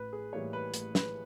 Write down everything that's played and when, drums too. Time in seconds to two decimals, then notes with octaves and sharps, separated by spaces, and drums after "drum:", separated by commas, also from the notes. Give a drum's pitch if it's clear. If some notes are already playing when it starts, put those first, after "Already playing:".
Already playing: A1 B4
0.13 G#4
0.33 A2 E3 G3 A#3 C#5
0.53 B4
0.74 A1, drum: hi-hat
0.95 B4, drum: snare